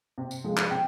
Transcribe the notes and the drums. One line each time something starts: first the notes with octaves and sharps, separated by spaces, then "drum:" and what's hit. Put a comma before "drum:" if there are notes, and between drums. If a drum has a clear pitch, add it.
C3
drum: tambourine
F3 G#3
drum: clap
C3 G5